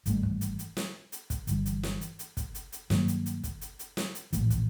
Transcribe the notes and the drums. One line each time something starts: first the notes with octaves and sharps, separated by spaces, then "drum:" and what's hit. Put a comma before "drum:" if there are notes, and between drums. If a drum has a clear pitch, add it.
G#1 G2 E3 A3, drum: hi-hat
drum: kick
drum: hi-hat
drum: hi-hat
drum: snare
drum: hi-hat
drum: kick, hi-hat
G1 G2 E3, drum: hi-hat
drum: hi-hat
drum: snare
drum: hi-hat
drum: hi-hat
drum: kick, hi-hat
drum: hi-hat
drum: hi-hat
G2 D#3 F#3 A#3, drum: snare
drum: hi-hat
drum: hi-hat
drum: kick, hi-hat
drum: hi-hat
drum: hi-hat
drum: snare
drum: hi-hat
A#1 A2 E3, drum: hi-hat
drum: kick, hi-hat